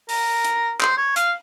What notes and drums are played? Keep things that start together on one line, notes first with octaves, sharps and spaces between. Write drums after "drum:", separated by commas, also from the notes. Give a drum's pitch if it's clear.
A#4, drum: open hi-hat
drum: hi-hat
C5, drum: clap
C#5
F5, drum: hi-hat